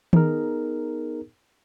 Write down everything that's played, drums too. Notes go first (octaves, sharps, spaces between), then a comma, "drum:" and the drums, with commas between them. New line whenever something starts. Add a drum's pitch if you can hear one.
B3 D#4 G#4 A#4, drum: tom D#3